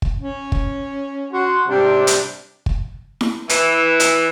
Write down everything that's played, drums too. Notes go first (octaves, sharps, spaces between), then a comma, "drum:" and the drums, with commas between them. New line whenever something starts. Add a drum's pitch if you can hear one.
drum: kick
C#4
drum: kick
F#4 C6
G#2 C3 G3 D4
drum: hi-hat
drum: kick
drum: snare E4
E3, drum: hi-hat
drum: hi-hat